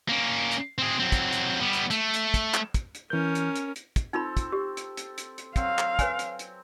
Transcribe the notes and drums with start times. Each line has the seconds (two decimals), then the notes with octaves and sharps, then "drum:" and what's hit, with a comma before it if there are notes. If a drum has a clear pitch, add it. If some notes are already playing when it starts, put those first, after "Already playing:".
0.09 A#3 C#4
0.51 drum: hi-hat
0.78 C4 G#4
1.00 F#3 C4
1.12 drum: kick, hi-hat
1.33 drum: hi-hat
1.60 G3 B3
1.73 drum: hi-hat
1.91 A3, drum: hi-hat
2.14 drum: hi-hat
2.34 drum: kick, hi-hat
2.54 drum: clap
2.74 drum: kick, hi-hat
2.95 drum: hi-hat
3.10 E3 C#4 A#4 G6
3.35 drum: hi-hat
3.56 drum: hi-hat
3.76 drum: hi-hat
3.96 drum: kick, hi-hat
4.13 C4 D#4 F4 A4 B5
4.37 drum: kick, hi-hat
4.52 G4
4.77 drum: hi-hat
4.97 drum: hi-hat
5.18 drum: hi-hat
5.38 drum: hi-hat
5.56 F#3 C4 F5, drum: kick, hi-hat
5.79 drum: clap
5.99 B4 C#5 G#5, drum: kick, hi-hat
6.19 drum: hi-hat
6.39 drum: hi-hat